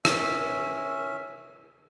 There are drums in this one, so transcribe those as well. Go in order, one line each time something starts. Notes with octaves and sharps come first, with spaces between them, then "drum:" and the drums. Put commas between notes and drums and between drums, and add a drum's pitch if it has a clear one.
C#4 E5, drum: rim click